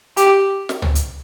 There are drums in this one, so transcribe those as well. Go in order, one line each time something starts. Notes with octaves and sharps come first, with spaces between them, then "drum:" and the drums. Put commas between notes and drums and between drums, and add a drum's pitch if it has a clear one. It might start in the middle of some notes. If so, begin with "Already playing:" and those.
G4, drum: hi-hat
drum: snare
drum: tom
drum: hi-hat